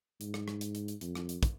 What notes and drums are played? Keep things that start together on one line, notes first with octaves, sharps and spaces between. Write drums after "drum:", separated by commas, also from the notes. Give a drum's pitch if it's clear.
G#2, drum: hi-hat
drum: rim click
drum: rim click
drum: hi-hat
drum: hi-hat
drum: hi-hat
F2, drum: hi-hat
drum: rim click
drum: hi-hat
drum: kick, hi-hat